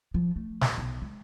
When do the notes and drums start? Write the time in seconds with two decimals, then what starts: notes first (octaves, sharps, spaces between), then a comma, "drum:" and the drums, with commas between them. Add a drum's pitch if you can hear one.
0.14 F3
0.36 A3
0.61 D#2, drum: snare
0.78 B1
1.02 G#3